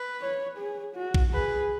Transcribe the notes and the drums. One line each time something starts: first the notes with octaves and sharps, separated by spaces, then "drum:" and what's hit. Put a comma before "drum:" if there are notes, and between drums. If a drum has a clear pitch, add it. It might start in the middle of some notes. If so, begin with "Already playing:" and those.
Already playing: B4
C#5
G#4
F#4
drum: kick A#1
G#4 B4